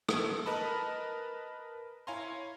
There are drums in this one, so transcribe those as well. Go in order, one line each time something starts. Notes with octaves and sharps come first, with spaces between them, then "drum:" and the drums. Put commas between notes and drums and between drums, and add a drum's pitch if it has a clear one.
drum: rim click
A4
A#4 B4 D#5 A5 B5
E4 C#5 F5 G#5 A#5 C6